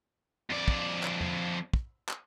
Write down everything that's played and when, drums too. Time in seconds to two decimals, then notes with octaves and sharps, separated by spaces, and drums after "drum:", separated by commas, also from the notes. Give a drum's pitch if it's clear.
0.50 F2 D5
0.68 drum: kick
1.03 drum: clap
1.21 drum: tom E2
1.73 drum: kick
2.09 drum: clap